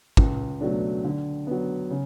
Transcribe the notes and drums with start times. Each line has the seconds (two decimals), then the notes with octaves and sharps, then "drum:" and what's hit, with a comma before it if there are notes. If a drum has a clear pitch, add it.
0.17 C#2, drum: kick
0.60 B2 F#3 A3 D4
1.04 D3
1.47 F#3 B3
1.90 C#3